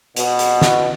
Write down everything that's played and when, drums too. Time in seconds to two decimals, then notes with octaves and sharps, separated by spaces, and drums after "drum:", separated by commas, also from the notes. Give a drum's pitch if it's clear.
0.16 B2, drum: hi-hat
0.39 drum: hi-hat
0.62 drum: snare